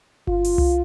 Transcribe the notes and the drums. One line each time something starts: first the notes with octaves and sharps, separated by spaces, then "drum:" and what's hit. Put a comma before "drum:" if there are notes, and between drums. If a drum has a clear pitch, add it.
F4, drum: kick G1
drum: open hi-hat
drum: tom C2